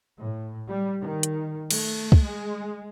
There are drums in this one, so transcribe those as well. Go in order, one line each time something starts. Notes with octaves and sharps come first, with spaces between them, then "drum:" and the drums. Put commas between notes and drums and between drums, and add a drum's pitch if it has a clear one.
A2
G3
D#3
drum: hi-hat
A3, drum: cymbal
drum: kick
G#3